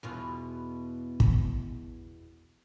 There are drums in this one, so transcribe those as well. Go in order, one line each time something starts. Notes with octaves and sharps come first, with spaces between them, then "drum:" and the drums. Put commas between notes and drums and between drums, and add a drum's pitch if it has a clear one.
E2 B2 F4
drum: kick